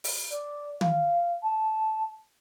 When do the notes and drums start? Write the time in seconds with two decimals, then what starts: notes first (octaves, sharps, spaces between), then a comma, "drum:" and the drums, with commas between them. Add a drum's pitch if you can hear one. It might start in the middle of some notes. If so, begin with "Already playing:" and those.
0.04 drum: open hi-hat
0.30 D5
0.81 F5, drum: tom
1.43 A5